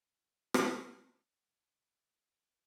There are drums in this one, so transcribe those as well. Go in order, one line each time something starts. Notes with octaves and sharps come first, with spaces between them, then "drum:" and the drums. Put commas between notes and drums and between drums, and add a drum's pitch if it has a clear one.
F3 B3 D#4 G#4 A#4
drum: rim click
F4
D4